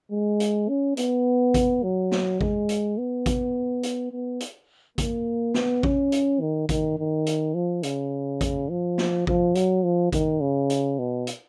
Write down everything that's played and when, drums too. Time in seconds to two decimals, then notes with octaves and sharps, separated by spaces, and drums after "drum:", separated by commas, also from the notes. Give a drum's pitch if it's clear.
0.11 G#3
0.40 drum: hi-hat
0.69 C#4
0.97 B3, drum: hi-hat
1.54 drum: kick A1, hi-hat
1.83 F#3
2.12 drum: snare
2.41 G#3, drum: kick A1
2.69 drum: hi-hat
2.98 B3
3.26 drum: kick A1, hi-hat
3.83 drum: hi-hat
4.12 B3
4.40 drum: hi-hat
4.98 A#3, drum: kick A1, hi-hat
5.54 B3, drum: snare
5.83 C#4, drum: kick A1
6.12 drum: hi-hat
6.41 D#3
6.69 D#3, drum: kick A1, hi-hat
6.98 D#3
7.26 drum: hi-hat
7.54 F3
7.83 C#3, drum: hi-hat
8.41 drum: kick A1, hi-hat
8.69 F3
8.98 drum: snare
9.27 F3, drum: kick A1
9.55 F#3, drum: hi-hat
9.84 F3
10.12 D#3, drum: kick A1, hi-hat
10.40 C#3
10.70 drum: hi-hat
10.99 B2
11.27 drum: hi-hat